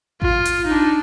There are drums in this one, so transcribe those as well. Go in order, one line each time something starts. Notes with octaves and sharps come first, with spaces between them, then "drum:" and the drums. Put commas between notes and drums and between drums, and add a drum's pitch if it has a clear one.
F4, drum: kick A1
drum: hi-hat
D4 D#4